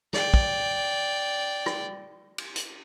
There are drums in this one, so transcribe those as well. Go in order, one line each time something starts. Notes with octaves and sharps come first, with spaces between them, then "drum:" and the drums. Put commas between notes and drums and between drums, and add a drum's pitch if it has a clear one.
D5 G5, drum: snare
drum: kick
drum: rim click
drum: cymbal
drum: hi-hat